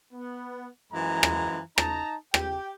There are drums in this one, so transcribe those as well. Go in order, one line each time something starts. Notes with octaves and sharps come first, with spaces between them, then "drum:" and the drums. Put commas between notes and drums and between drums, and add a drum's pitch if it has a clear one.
B3
F#2 E3 F3 G#3 A#5
drum: rim click
D#4 A5 A#5, drum: rim click
G4 G5, drum: rim click